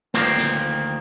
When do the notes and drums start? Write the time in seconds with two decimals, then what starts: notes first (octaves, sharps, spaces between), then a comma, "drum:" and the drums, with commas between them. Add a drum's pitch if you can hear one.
0.14 D2 D#3 F3 A#3 C4, drum: snare
0.38 drum: snare